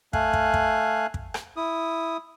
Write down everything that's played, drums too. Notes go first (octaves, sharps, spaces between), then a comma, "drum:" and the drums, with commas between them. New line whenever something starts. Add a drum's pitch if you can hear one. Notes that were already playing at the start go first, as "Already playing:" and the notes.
A3 F5 G#5 F#6, drum: kick
drum: kick
drum: kick
drum: kick
drum: rim click
E4 D#6